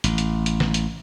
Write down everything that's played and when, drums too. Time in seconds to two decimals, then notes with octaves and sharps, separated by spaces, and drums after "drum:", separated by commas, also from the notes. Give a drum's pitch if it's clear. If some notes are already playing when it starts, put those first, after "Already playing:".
0.04 A1, drum: hi-hat
0.18 drum: hi-hat
0.46 drum: hi-hat
0.60 drum: snare
0.74 drum: hi-hat